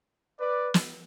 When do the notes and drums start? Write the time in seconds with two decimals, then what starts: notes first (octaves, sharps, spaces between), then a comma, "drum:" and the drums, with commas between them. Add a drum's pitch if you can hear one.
0.40 B4 D5
0.74 drum: snare